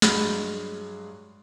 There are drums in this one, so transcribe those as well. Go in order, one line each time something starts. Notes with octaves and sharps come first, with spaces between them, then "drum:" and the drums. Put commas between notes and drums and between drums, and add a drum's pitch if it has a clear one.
G2 F#3 G#3 G#4 B5, drum: snare